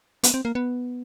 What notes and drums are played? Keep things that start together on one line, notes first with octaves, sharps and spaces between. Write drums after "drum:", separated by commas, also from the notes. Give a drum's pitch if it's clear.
B3, drum: hi-hat
C4
A#3
B3